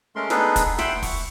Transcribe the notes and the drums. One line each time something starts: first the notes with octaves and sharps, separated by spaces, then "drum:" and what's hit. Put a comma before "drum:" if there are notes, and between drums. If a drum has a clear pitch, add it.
G#3 A3 C#4 A#4 C6
B3 D4 D#4 G#4 A4 B4, drum: snare
drum: kick, hi-hat
E5 F#5 G5 B5 C6 E6, drum: snare
C#6, drum: kick, open hi-hat